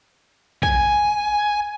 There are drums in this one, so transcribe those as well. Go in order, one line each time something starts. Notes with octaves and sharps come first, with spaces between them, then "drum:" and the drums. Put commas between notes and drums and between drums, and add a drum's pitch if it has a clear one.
G#5, drum: kick